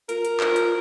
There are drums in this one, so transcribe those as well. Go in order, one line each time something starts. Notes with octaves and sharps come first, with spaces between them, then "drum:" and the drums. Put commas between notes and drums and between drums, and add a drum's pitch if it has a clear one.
F4 A#4, drum: hi-hat
drum: hi-hat
drum: clap
drum: hi-hat